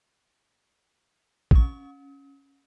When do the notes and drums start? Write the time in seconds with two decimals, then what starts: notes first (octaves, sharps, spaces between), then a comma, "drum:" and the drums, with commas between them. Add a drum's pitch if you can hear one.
1.51 G#1 C#4 C#6, drum: kick A#1